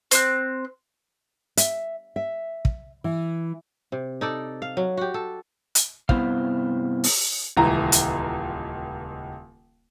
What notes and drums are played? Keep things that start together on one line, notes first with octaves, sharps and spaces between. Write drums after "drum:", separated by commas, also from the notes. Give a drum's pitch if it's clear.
C4 F#6, drum: hi-hat
E5, drum: hi-hat
E5
drum: kick
E3
C3
D#4 A4 D5
F5
F#3
F#4 G4
A4
drum: hi-hat
G2 C3 B3 E4 C5 F5, drum: kick
drum: open hi-hat
D#1 C#2 E3 A#5
drum: hi-hat